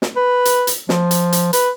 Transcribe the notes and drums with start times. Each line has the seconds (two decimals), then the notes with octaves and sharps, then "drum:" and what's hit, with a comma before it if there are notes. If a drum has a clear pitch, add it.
0.02 drum: snare
0.16 B4
0.45 drum: hi-hat
0.67 drum: hi-hat
0.89 F3, drum: snare
1.11 drum: hi-hat
1.32 drum: hi-hat
1.53 B4, drum: hi-hat